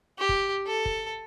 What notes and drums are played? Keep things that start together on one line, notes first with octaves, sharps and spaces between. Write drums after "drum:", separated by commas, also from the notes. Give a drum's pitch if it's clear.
G4
drum: kick
A4
drum: kick